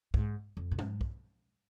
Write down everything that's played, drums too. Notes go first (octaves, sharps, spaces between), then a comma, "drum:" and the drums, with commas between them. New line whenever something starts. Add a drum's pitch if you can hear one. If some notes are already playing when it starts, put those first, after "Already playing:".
G#2, drum: kick
F2
A#2
G#2, drum: tom
drum: kick